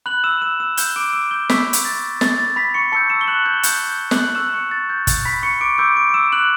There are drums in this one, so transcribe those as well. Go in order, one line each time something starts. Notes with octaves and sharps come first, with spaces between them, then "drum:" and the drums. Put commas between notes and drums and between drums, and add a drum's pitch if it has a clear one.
B5 F#6 F#7
E6 E7
E6 E7
E6 E7
G6 G7, drum: hi-hat
D6 D7
E6 E7
G6 G7
B5 C#6 E6 G6 B6, drum: snare
drum: hi-hat
A6
A6, drum: snare
A6
B5 B6
C#6 C#7
A5 C#6 E6 G6 C#7
E6 E7
G7
F#6 F#7
G6 G7
G6 G7, drum: hi-hat
G6 G7
F#6 F#7, drum: snare
C#6 E6 F#6 E7
C#6 C#7
A6
G6
drum: kick, hi-hat
B5 B6
C#6 C#7
D6 D7
B5 D6 E6 G6 D7
D6 D7
D7
E6 E7
F#6 F#7